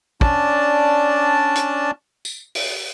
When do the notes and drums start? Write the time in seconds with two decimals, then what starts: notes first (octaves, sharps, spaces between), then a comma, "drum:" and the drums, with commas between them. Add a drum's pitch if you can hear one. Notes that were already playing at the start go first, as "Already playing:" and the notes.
0.21 C#4 D4 D5 A5, drum: kick
1.56 drum: hi-hat
2.25 drum: tambourine
2.55 drum: open hi-hat